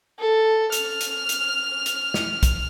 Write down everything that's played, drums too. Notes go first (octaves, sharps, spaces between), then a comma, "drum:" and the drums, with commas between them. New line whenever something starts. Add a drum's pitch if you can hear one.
A4
F6, drum: hi-hat
drum: hi-hat
drum: hi-hat
drum: hi-hat
drum: snare
drum: kick, hi-hat